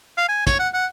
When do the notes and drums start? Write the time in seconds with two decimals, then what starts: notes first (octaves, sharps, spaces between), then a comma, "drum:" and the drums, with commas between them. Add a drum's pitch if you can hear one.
0.18 F5
0.29 G#5
0.47 C#5, drum: kick, hi-hat
0.60 F#5
0.74 F#5